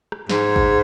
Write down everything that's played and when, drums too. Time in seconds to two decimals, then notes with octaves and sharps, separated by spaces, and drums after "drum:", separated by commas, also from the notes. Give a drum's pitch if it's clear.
0.12 drum: rim click
0.29 G#2, drum: snare
0.56 drum: kick G#1